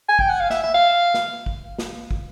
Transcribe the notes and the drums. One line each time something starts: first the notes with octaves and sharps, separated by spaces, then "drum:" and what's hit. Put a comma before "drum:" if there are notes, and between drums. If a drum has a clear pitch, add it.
G#5
G5, drum: kick
F#5
F5
E5, drum: snare
E5
F5
drum: snare
drum: kick
drum: snare
drum: kick